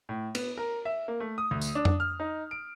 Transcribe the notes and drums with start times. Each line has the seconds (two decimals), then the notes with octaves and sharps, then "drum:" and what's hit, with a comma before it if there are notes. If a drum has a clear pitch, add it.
0.09 A2
0.35 B3, drum: cymbal
0.57 A#4
0.85 E5
1.08 A#3
1.20 A3
1.38 D#6
1.51 D2
1.61 drum: tambourine
1.75 D4
1.85 drum: tom F2
2.00 F6
2.20 D#4
2.51 D7